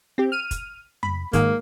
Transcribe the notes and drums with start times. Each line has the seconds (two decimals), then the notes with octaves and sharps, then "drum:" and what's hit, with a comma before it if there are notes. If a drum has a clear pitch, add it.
0.18 C4 G4
0.32 F6 D#7
0.51 drum: kick, hi-hat
1.03 B5, drum: tom F2
1.33 G#2 D#3 G#3 A#3, drum: kick, hi-hat